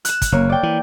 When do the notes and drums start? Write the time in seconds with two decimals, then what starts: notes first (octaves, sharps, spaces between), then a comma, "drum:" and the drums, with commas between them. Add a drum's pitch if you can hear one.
0.05 F#6 E7, drum: hi-hat
0.22 drum: kick, hi-hat
0.32 F#1 A#3 C#5
0.50 D5 G5
0.63 E3